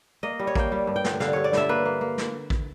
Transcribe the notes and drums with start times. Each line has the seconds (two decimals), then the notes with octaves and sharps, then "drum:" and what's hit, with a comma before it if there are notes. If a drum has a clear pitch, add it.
0.23 A#3 D#5
0.39 G3
0.47 C#5
0.55 A#3 G5, drum: kick
0.72 G3
0.87 G2
0.96 G5
1.04 D3, drum: snare
1.20 D3 F5, drum: snare
1.33 G2 C#5
1.44 D5
1.53 G2 E5, drum: snare
1.69 A#3 B4
1.85 A#3
2.01 A#3
2.18 drum: snare
2.50 drum: kick